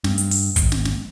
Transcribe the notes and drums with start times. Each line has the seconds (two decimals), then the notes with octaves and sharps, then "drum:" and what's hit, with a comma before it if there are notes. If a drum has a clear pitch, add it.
0.04 G2, drum: snare
0.18 drum: hi-hat
0.31 drum: open hi-hat
0.56 G#1, drum: kick, hi-hat
0.72 drum: snare
0.85 drum: snare